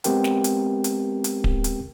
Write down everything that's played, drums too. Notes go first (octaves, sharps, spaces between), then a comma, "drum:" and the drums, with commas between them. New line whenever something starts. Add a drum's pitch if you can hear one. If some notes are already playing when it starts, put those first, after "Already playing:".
G#3 B3 C4 G4 A#4 G5, drum: hi-hat
drum: snare
drum: hi-hat
drum: hi-hat
drum: hi-hat
drum: kick D1
drum: hi-hat